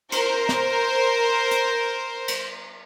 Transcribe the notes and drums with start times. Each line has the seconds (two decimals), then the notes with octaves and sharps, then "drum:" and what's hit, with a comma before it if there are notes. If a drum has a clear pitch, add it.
0.12 A#4 C5, drum: cymbal
0.49 drum: snare
1.51 drum: hi-hat
2.28 drum: cymbal